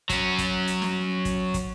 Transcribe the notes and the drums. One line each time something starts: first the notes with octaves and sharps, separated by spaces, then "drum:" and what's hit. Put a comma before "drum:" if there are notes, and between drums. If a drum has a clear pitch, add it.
F#3 C#4, drum: kick, hi-hat
drum: kick, hi-hat
drum: hi-hat
drum: snare
drum: kick, hi-hat
drum: kick, hi-hat